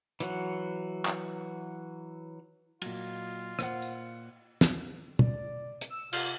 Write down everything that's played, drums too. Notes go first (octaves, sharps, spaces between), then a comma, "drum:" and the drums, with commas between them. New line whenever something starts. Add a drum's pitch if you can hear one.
E3 F#3 F#4, drum: hi-hat
drum: clap
A#2 F#3 F4, drum: cymbal
A#2 C5 F#5, drum: rim click
drum: tambourine
drum: snare
D5, drum: tom
drum: hi-hat
E6
C3 F4, drum: cymbal